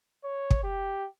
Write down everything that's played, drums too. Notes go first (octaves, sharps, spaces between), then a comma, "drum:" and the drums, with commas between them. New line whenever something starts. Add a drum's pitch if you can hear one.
C#5
drum: kick
G4